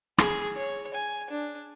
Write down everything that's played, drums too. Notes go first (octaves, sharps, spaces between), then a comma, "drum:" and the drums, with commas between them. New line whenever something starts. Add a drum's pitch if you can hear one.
G#4, drum: rim click
C#5
G#5
D4